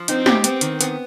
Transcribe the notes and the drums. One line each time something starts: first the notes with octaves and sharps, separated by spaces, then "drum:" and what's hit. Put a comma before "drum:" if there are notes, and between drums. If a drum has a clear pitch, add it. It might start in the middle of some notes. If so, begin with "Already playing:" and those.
Already playing: F3
C4 D#4, drum: hi-hat
G4, drum: snare
B3 C4, drum: hi-hat
D#3, drum: hi-hat
B3, drum: hi-hat